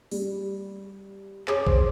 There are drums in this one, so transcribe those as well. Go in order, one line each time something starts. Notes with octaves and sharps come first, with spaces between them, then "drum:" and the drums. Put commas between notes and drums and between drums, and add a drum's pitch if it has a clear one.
G3, drum: open hi-hat
G#4 C#5 D6, drum: clap
C5, drum: kick A1